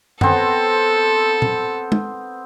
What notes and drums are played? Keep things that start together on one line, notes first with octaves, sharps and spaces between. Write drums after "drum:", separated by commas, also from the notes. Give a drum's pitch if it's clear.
B3 C4 A4, drum: tom F#2
drum: tom A#2
drum: tom